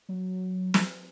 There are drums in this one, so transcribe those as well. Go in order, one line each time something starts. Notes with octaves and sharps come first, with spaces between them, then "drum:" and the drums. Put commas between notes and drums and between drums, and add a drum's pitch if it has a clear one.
F#3
drum: snare